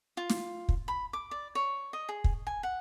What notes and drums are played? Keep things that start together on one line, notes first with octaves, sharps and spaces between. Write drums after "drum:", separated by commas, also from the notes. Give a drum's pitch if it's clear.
F4
drum: snare
drum: kick
B5
D6
D5
C#5
D#5
G#4
drum: kick
G#5
F#5